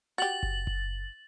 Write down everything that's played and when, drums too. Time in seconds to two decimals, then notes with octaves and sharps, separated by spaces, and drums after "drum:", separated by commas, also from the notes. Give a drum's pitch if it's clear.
0.18 F#4 G4 A6 F#7
0.43 drum: kick F#1
0.67 drum: kick F#1